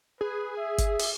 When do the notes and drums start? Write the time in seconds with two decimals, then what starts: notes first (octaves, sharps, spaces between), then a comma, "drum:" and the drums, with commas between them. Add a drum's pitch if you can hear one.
0.21 G#4 B4
0.57 E5
0.78 drum: kick G1, hi-hat
0.99 drum: open hi-hat